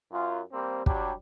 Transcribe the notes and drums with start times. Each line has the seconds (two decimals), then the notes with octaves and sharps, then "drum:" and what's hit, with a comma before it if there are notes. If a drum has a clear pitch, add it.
0.12 F#2 F4
0.52 G3 A#3 C4
0.86 F#3 G3 D4 G4, drum: kick